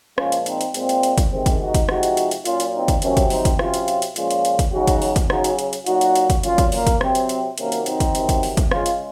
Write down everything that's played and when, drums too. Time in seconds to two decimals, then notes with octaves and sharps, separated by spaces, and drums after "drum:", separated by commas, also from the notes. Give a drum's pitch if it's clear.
0.18 A#2 F3 G#3 C#4 F4, drum: rim click
0.32 drum: hi-hat
0.46 C4 D#4, drum: hi-hat
0.61 drum: hi-hat
0.74 A#2 G#3 C4, drum: hi-hat
0.89 drum: hi-hat
1.03 drum: hi-hat
1.18 drum: kick, hi-hat
1.32 C3 D#3 G#3 C4
1.46 drum: kick, hi-hat
1.60 D#4 F#4
1.74 drum: kick, hi-hat
1.89 C3 F3 G#3 D#4 F#4, drum: rim click
2.03 drum: hi-hat
2.17 drum: hi-hat
2.31 drum: hi-hat
2.45 A#2 F#3 C#4 F4, drum: hi-hat
2.60 drum: hi-hat
2.74 C4 D#4
2.88 drum: kick, hi-hat
3.02 C3 F#3 A#3 C#4, drum: hi-hat
3.17 drum: kick, hi-hat
3.30 C4 D#4, drum: open hi-hat
3.45 drum: kick, hi-hat
3.59 C3 F#3 C#4 F4, drum: rim click
3.74 drum: hi-hat
3.88 drum: hi-hat
4.02 drum: hi-hat
4.16 A#2 F3 G#3 C#4 F4, drum: hi-hat
4.31 drum: hi-hat
4.45 drum: hi-hat
4.59 drum: kick, hi-hat
4.73 C#3 F#3 D#4 F#4
4.87 drum: kick, hi-hat
5.02 drum: open hi-hat
5.16 drum: kick, hi-hat
5.30 C#3 F#3 D#4 F#4, drum: rim click
5.44 drum: hi-hat
5.59 drum: hi-hat
5.73 drum: hi-hat
5.86 A#2 F#3 D#4 F#4, drum: hi-hat
6.01 drum: hi-hat
6.15 drum: hi-hat
6.30 drum: kick, hi-hat
6.43 A#2 F#3 C#4 F4, drum: hi-hat
6.58 drum: kick, hi-hat
6.72 A#3 C#4, drum: open hi-hat
6.87 drum: kick, hi-hat
7.01 C3 F#3 C4, drum: rim click
7.15 drum: hi-hat
7.29 drum: hi-hat
7.58 C3 D#3 F#3 A#3 C#4, drum: hi-hat
7.72 drum: hi-hat
7.86 C4 D#4, drum: hi-hat
8.00 drum: kick, hi-hat
8.15 C3 D#3 F#3, drum: hi-hat
8.29 drum: kick, hi-hat
8.43 drum: open hi-hat
8.57 drum: kick, hi-hat
8.71 C#3 G#3 C#4 F4, drum: rim click
8.86 drum: hi-hat